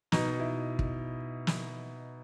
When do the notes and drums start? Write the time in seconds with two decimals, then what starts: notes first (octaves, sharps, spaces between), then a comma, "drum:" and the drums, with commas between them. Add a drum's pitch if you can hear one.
0.12 B2 D#4, drum: snare
0.40 E4
0.79 drum: kick
1.47 drum: snare